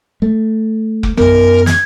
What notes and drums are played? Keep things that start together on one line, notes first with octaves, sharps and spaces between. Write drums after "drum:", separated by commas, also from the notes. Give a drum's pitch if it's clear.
A3
drum: kick F1
F#2 B3 A#4, drum: tom A#1
G#6, drum: snare